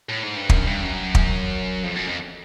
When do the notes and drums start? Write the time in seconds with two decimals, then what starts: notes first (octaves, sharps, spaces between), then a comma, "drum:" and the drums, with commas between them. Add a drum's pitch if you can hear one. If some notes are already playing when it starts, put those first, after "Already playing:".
0.09 A2
0.23 G#2
0.37 G2
0.49 F#2, drum: kick
0.67 G2
0.82 F#2
1.15 drum: kick
1.83 F2
1.95 F#2
2.07 F2